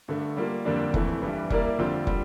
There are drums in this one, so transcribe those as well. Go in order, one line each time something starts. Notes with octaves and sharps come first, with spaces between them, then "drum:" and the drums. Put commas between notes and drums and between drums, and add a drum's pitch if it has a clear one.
G2 D3 A3
G3 A#3 F4
F2 D3 G3 A#3 D4
F2 E3 A3 E4, drum: kick
G2 E3 G3
G3 A#3 E4 A#4 D5, drum: kick
F2 D3 G3 C4 F4
D3 G3, drum: kick